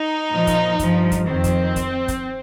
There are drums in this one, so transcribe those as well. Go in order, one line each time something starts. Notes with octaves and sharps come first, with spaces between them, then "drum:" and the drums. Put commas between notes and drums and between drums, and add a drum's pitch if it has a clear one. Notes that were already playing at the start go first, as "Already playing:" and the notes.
Already playing: D#4
A#2 F3
drum: kick, hi-hat
G2 F3, drum: kick, hi-hat
drum: kick, hi-hat
F2 D#3 C4
drum: kick, hi-hat
drum: kick, hi-hat
drum: kick, hi-hat